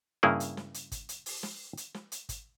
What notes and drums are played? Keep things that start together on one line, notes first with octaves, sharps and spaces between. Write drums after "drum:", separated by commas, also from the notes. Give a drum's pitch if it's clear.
G2 C#3 A#3 E4 G#4
drum: hi-hat
drum: snare
drum: hi-hat
drum: kick, hi-hat
drum: hi-hat
drum: open hi-hat
drum: snare
drum: hi-hat
drum: snare
drum: hi-hat
drum: kick, hi-hat